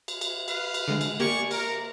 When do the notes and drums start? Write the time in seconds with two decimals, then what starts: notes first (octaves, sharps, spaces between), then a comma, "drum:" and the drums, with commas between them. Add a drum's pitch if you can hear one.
0.08 drum: cymbal
0.21 drum: cymbal
0.48 B4 F5, drum: cymbal
0.74 drum: cymbal
0.88 D3 G#3
1.01 drum: cymbal
1.20 A#3 G4 D5 G#5 C#6 G#6
1.51 A#4, drum: cymbal